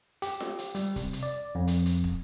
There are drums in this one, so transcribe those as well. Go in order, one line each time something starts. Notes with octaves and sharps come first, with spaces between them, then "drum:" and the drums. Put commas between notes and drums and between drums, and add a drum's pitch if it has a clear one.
G4, drum: hi-hat
drum: snare F4
drum: hi-hat
G3, drum: hi-hat
C3, drum: kick, hi-hat
drum: hi-hat
D5
F2
drum: hi-hat
drum: hi-hat
drum: kick